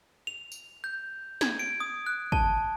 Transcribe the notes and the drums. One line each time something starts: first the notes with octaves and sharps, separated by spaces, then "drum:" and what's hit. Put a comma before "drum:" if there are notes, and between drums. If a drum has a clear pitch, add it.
F7
drum: tambourine
G6
G#6, drum: snare
D7
D#6
F#6
A5, drum: kick